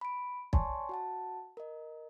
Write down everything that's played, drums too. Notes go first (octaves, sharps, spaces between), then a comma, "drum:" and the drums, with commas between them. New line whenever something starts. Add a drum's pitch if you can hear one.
B5 D7
C#5 D5 G#5 A5 C6 C#6, drum: kick
F#4 F#5 A5
A#4 D#5